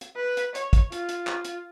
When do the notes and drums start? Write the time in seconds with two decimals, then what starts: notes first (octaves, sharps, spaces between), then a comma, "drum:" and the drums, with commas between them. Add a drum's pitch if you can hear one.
0.01 drum: hi-hat
0.16 B4
0.37 drum: hi-hat
0.55 C#5, drum: hi-hat
0.73 drum: kick, hi-hat
0.92 F4, drum: hi-hat
1.09 drum: hi-hat
1.27 drum: clap
1.45 drum: hi-hat